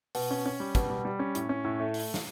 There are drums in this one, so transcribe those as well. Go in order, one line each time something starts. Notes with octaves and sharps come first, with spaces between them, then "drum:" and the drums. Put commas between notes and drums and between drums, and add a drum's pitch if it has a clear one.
B2, drum: open hi-hat
C#4
C#4
G3
B2, drum: kick, hi-hat
G3
G3
C#4
A2, drum: hi-hat
C#4
A2
A3
drum: open hi-hat
drum: snare